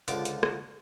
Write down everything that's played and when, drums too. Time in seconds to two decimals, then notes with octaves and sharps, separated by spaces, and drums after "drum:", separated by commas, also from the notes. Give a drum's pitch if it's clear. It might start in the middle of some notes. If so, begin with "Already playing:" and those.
0.08 C#2 D3 F3 D6, drum: hi-hat
0.25 drum: hi-hat
0.43 drum: rim click